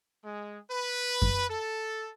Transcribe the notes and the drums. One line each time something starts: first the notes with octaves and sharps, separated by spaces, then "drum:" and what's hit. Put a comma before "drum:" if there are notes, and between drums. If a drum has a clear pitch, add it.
G#3
B4
drum: kick F#2
A4